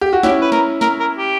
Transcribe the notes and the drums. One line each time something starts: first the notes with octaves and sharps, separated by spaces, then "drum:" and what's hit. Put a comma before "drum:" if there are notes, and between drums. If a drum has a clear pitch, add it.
G4
F#4
C#4 E4 G4, drum: snare
B4
A#4, drum: snare
A#4, drum: snare
A#4
G4